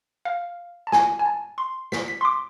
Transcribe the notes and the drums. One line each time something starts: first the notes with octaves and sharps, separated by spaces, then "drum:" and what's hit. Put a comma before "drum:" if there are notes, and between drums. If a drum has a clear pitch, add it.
F5
A5
G#5, drum: snare
G#5
A5
C6
B6, drum: snare
B6
C6
D6